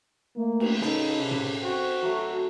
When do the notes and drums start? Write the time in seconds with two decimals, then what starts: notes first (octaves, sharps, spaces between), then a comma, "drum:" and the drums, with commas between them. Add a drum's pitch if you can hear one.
0.37 A3 A#3
0.60 drum: cymbal
0.82 C#3 D#4 A4 B5, drum: snare
1.22 C3
1.31 drum: tom
1.62 C4 F#4 C5
2.02 F#3 A3